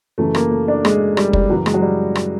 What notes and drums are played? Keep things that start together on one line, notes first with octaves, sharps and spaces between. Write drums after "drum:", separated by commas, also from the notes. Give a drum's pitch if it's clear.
F#2 C#3 E3 A3
A#3, drum: rim click
A3
D4
G#3, drum: rim click
G3, drum: rim click
G3, drum: kick
F#2 C#3 E3 F#3
G#3, drum: rim click
F#3
G3
drum: rim click